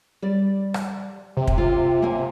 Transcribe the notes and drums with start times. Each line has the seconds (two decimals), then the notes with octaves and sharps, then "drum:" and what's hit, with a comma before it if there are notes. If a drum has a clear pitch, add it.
0.22 G3 D5
0.74 drum: rim click
1.37 C3
1.47 drum: kick
1.58 F4
2.02 A#3 G#5